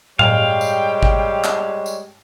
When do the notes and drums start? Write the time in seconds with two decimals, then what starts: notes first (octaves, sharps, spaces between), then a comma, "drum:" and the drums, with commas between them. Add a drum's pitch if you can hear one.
0.19 G3 G#3 C#5 F5 G5, drum: tom A2
0.61 drum: tambourine
1.03 drum: kick G#1
1.44 drum: clap
1.86 drum: tambourine